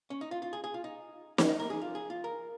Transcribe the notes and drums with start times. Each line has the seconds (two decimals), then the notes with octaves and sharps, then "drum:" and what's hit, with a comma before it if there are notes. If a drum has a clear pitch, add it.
0.10 C#4
0.21 D#4
0.31 F4
0.42 F4
0.53 G#4
0.64 G#4
0.74 F4
0.84 D#4
1.38 C#4, drum: snare
1.48 D#4
1.60 A#4
1.70 G#4
1.81 F4
1.95 G#4
2.10 F4
2.24 A#4